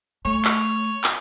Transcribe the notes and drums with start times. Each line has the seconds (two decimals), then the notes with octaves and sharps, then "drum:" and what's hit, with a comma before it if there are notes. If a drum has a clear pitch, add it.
0.25 A3 C#5, drum: tambourine
0.45 drum: clap
0.64 drum: tambourine
0.84 drum: tambourine
1.04 drum: clap